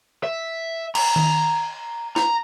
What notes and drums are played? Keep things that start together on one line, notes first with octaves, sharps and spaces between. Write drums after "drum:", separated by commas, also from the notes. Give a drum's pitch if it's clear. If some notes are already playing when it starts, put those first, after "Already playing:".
E5
A#5, drum: cymbal
drum: tom D#3
A#5, drum: snare